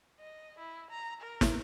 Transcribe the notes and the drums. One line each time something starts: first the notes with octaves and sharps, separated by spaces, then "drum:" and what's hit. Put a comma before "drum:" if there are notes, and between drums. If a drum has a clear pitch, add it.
D#5
E4
A#5
A#4
drum: snare